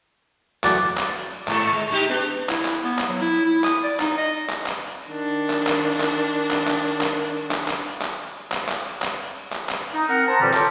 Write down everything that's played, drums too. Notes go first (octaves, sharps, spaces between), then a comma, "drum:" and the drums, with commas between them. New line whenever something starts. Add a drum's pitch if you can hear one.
E3 F#3 A3 D5, drum: clap
drum: clap
G#2 A4, drum: clap
G#3
G#3 D#4 G4
B3 D4
E4, drum: clap
drum: clap
B3
drum: clap
F#3
E4
E4
D#6, drum: clap
D5
D#4, drum: clap
D#5
drum: clap
drum: clap
D#3 D4
drum: clap
drum: clap
drum: clap
drum: clap
drum: clap
drum: clap
drum: clap
drum: clap
drum: clap
drum: clap
drum: clap
drum: clap
drum: clap
drum: clap
D#4
C4 A#4 F#5
C5 F#5 A5 A#5
A#2 D3 E3 G3
F4 A4 C#5 D5 G5 A5, drum: clap